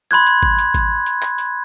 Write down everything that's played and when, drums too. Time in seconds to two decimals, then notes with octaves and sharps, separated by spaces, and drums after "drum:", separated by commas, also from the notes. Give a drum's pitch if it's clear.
0.11 B5 C6 F#6 G#6
0.27 drum: hi-hat
0.43 drum: kick G#1
0.59 drum: hi-hat
0.74 drum: kick G#1, hi-hat
1.06 drum: hi-hat
1.22 drum: clap
1.38 drum: hi-hat